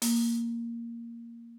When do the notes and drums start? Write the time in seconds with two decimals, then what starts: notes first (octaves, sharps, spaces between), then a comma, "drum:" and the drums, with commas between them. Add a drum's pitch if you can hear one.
0.02 A#3, drum: open hi-hat